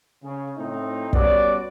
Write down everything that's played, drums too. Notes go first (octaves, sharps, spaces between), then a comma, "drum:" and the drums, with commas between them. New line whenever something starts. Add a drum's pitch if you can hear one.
C#3
A2 C4 D#4
G3 B3 C#4 F#4 D5, drum: kick